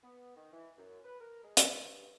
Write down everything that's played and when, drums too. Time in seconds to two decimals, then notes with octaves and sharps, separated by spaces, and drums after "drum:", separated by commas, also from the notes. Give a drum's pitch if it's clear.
0.03 B3
0.36 D#3
0.53 E3
0.78 F#2
1.04 B4
1.21 A#4
1.43 G#3
1.57 G2, drum: hi-hat